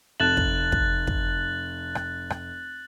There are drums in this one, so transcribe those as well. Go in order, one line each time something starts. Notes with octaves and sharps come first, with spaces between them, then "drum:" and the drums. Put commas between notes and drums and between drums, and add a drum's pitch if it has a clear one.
F1 A5 F#6 A6 E7 F#7
drum: kick
drum: kick
drum: kick
drum: rim click
drum: rim click